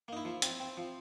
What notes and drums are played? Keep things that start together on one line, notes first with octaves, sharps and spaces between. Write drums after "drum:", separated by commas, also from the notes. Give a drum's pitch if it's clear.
A#3 D#4
E4
F3
C4, drum: hi-hat
C4
F3